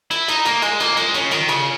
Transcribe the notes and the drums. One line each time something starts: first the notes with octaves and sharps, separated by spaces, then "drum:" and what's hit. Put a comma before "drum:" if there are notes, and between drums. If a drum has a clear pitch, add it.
E4, drum: cymbal
D#4, drum: cymbal
A#3, drum: cymbal
G#3, drum: cymbal
A#3, drum: cymbal
G#3, drum: cymbal
C#3, drum: cymbal
D#3, drum: cymbal
C#3, drum: cymbal